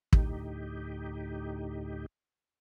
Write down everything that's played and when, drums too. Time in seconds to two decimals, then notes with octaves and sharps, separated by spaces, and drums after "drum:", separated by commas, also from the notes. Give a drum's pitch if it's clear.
0.13 D2 A2 D#4 G4, drum: kick